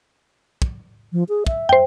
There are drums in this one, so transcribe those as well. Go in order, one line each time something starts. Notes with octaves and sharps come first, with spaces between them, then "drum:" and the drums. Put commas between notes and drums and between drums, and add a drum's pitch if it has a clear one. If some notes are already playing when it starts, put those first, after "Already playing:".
drum: kick
F3
G#4
E5, drum: kick
C5 G5, drum: tom